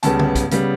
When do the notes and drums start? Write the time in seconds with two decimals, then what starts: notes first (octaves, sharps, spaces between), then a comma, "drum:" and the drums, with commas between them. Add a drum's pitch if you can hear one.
0.03 C#2 C#3 G3 B3 A5, drum: hi-hat
0.19 drum: tom D3
0.35 drum: kick, hi-hat
0.51 C#3 G3 B3, drum: hi-hat